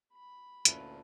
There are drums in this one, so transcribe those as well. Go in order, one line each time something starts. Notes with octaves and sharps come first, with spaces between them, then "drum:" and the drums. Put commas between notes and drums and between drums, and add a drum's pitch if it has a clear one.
B5
D2 A#2 C#4 E4 F4 A4 B4 E5, drum: hi-hat